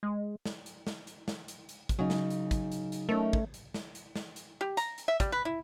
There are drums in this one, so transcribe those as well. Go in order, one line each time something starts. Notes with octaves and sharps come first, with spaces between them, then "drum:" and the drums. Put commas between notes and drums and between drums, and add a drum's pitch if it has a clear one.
G#3
drum: snare
drum: hi-hat
drum: snare
drum: hi-hat
drum: snare
drum: hi-hat
drum: hi-hat
drum: kick, hi-hat
C#3 F#3 D#4
drum: snare
drum: hi-hat
drum: kick, hi-hat
drum: hi-hat
drum: hi-hat
A3 C#4 D#4 A#4
drum: kick
drum: hi-hat
drum: snare
drum: hi-hat
drum: snare
drum: hi-hat
G4
A#5, drum: hi-hat
drum: hi-hat
E5
G3, drum: kick, hi-hat
B4
E4